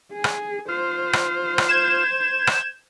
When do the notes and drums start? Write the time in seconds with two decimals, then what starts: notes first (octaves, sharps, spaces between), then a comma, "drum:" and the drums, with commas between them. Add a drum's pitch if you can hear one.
0.12 G#4
0.24 drum: rim click
0.69 F4 C5
1.13 drum: rim click
1.58 drum: rim click
1.69 G6 G#6 E7
2.47 drum: rim click